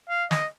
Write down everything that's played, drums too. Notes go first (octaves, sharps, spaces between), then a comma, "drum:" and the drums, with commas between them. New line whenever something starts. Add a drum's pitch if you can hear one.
F5
D#5, drum: snare